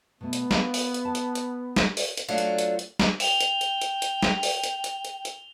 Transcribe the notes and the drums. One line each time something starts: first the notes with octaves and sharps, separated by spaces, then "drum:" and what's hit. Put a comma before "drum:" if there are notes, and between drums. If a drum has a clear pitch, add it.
B2 A3 B3
drum: hi-hat
A#4 F5, drum: snare
drum: open hi-hat
drum: hi-hat
A5
drum: hi-hat
drum: hi-hat
drum: snare
drum: open hi-hat
drum: hi-hat
F#3 A3 D4 F4 F#4
drum: hi-hat
drum: hi-hat
drum: hi-hat
drum: snare
G5 E7 F7 G7, drum: open hi-hat
drum: hi-hat
drum: hi-hat
drum: hi-hat
drum: hi-hat
drum: snare
drum: open hi-hat
drum: hi-hat
drum: hi-hat
drum: hi-hat
drum: hi-hat